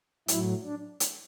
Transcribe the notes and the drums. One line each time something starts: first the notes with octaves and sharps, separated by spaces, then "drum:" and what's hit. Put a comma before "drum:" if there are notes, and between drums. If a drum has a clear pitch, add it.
A2 F#3 E4, drum: hi-hat
D4
drum: hi-hat